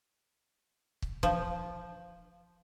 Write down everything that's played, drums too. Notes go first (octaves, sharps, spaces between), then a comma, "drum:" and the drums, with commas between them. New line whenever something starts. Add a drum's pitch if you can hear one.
drum: kick
F3, drum: kick